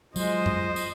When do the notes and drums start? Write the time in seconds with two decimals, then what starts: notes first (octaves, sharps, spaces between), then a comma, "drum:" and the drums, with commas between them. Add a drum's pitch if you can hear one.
0.16 F#3 G#3 F4 C5 D#5, drum: tambourine
0.46 drum: tom F#2
0.76 drum: tambourine